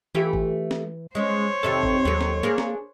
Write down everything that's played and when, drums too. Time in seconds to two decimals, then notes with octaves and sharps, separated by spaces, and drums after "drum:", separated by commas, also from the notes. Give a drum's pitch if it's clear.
0.15 E3 A3 F4 G4
0.33 drum: kick G#1
0.71 drum: snare
1.15 G#3 C#4 C5 C#5
1.63 F2 C3 D#3 A4
1.83 drum: kick G#1
2.05 D#2 F#3 A4
2.21 drum: snare
2.43 A#3 D4 G#4 A#4
2.58 drum: snare